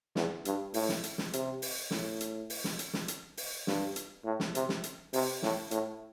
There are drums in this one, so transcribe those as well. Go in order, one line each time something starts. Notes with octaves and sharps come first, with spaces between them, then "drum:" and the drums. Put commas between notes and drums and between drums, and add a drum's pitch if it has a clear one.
E2, drum: snare
G2, drum: hi-hat
A2, drum: open hi-hat
drum: snare
drum: hi-hat
drum: snare
C3, drum: hi-hat
drum: open hi-hat
A2, drum: snare
drum: hi-hat
drum: open hi-hat
drum: snare
drum: hi-hat
drum: snare
drum: hi-hat
drum: open hi-hat
G2, drum: snare
drum: hi-hat
A2
drum: snare
C3, drum: hi-hat
drum: snare
drum: hi-hat
C3, drum: open hi-hat
A2, drum: snare
A2, drum: hi-hat